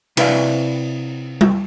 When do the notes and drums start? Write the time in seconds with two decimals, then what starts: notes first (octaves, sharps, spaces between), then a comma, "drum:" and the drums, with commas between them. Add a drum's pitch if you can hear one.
0.17 C3 E4 B4 D5 E5 F5, drum: cymbal
1.41 drum: tom G3